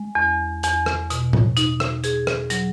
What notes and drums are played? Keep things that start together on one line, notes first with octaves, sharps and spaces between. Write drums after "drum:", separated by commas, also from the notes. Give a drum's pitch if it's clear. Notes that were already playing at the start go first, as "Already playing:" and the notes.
Already playing: G#3
E2
E2, drum: hi-hat
drum: rim click
B2, drum: hi-hat
drum: tom A2
D#4, drum: hi-hat
drum: rim click
G#4, drum: hi-hat
drum: rim click
F#3, drum: hi-hat